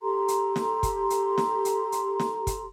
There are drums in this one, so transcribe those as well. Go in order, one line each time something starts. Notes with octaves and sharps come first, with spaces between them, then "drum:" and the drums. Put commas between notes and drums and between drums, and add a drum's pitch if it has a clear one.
G4 A4 A#5 C6
drum: hi-hat
drum: snare
drum: kick, hi-hat
drum: hi-hat
drum: snare
drum: hi-hat
drum: hi-hat
drum: snare
drum: kick, hi-hat